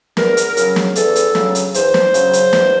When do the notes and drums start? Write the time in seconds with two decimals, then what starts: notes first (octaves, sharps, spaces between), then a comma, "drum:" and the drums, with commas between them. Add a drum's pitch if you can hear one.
0.17 E2 A#4, drum: snare
0.37 drum: hi-hat
0.57 C#3 F#3, drum: hi-hat
0.76 drum: snare
0.95 E2 A4, drum: hi-hat
1.15 drum: hi-hat
1.35 C#3 F#3, drum: snare
1.55 drum: hi-hat
1.74 E2 C5, drum: hi-hat
1.94 drum: snare
2.14 C#3 F#3, drum: hi-hat
2.33 drum: hi-hat
2.53 E2, drum: snare